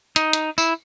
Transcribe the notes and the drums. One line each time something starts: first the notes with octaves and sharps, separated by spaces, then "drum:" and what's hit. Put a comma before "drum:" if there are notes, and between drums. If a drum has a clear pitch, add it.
D#4, drum: hi-hat
drum: hi-hat
E4, drum: tambourine